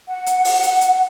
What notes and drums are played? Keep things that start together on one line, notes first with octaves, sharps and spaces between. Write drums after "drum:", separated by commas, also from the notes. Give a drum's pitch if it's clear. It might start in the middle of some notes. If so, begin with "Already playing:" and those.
F#5
drum: hi-hat
drum: open hi-hat
drum: hi-hat
drum: hi-hat